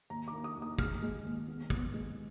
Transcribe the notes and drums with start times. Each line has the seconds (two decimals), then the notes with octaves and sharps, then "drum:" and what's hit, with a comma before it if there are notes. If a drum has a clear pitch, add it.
0.10 D#2 A#5
0.28 D6
0.33 A#3
0.44 D#6
0.56 D#2
0.62 D#6
0.79 G#3 F6, drum: kick
1.02 G#3
1.25 D#2
1.48 B3
1.70 B3, drum: kick
1.94 G#3